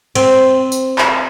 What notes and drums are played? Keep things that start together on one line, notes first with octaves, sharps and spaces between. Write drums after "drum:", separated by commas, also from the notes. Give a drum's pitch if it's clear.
C4, drum: cymbal
drum: tambourine
drum: clap